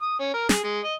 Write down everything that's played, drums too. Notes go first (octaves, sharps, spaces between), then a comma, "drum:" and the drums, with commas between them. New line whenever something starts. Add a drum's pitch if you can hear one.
D#6
C#4
A#4
G#4, drum: snare
G#3
D#5